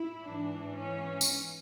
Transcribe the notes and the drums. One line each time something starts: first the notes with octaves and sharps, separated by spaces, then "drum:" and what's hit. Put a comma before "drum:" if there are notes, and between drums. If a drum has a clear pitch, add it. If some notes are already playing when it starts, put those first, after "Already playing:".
Already playing: E4
G#2 E3 D4
C#4
drum: tambourine